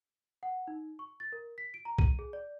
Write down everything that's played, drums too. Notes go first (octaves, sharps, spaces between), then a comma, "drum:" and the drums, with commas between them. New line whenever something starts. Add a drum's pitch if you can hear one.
F#5
D#4
C#6
A6
A#4
B6
D7
A#5
D#7, drum: kick C2
G#4
D5